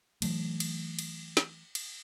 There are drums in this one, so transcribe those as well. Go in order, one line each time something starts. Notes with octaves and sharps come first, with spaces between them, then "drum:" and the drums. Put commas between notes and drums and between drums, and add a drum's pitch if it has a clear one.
E3 F#3 A3, drum: cymbal
drum: cymbal
drum: cymbal
drum: snare
drum: cymbal